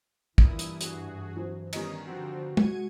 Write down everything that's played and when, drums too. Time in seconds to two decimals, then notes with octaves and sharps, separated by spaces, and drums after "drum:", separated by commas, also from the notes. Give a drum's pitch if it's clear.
0.38 G2 A#2 E3 E4 D#6, drum: kick
0.59 drum: hi-hat
0.81 F#4 G#4, drum: hi-hat
1.36 F#3 C4
1.73 D3 D#3 G3 B3 C#4 D#5 A#5, drum: cymbal
2.06 F3 C4 F#4
2.57 C3 G#3 G#6 C#7 D#7, drum: tom